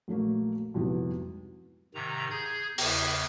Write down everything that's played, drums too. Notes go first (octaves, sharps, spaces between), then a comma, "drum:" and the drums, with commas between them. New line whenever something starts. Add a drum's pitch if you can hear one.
A#1 F#3 A3 A#3
C2 F2 G#2 C3 F#3 B3
G#2 C3 D#3 A#5
G#4 G6 G#6
E2 C#3, drum: open hi-hat